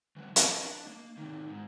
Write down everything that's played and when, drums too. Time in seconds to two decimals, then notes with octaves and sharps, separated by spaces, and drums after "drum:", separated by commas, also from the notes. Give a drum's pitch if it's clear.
0.16 E3 F#3
0.36 C#5 D#5, drum: hi-hat
0.65 D4
0.86 A#3
1.17 C3 D#3
1.48 G#2